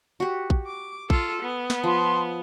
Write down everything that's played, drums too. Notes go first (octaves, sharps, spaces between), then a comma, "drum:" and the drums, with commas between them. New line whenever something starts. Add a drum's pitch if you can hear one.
F#4 G4
drum: kick A#1
D6
F4 A4, drum: kick A#1
B3
drum: snare
F3 A5 C6